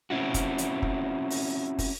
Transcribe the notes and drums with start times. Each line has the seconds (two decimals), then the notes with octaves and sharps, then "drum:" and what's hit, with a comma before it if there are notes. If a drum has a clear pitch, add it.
0.10 C4 C#4 E4 F#4
0.34 drum: kick, hi-hat
0.58 drum: hi-hat
0.82 drum: kick
1.30 drum: open hi-hat
1.79 drum: kick, open hi-hat